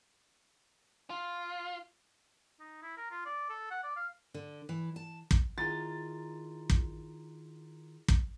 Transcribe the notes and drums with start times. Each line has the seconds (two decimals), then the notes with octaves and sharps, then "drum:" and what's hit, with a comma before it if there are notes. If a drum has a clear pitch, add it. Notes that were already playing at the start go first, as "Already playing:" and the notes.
1.10 F4
2.60 D#4
2.82 E4
2.97 A#4
3.11 F4
3.26 D5
3.50 A4
3.71 F#5
3.83 D5
3.96 F5
4.34 D3
4.69 E3
4.96 A5
5.31 drum: kick
5.58 D#3 E4 F4 G#4 G#5 A#5 A6
6.70 drum: kick
8.08 drum: kick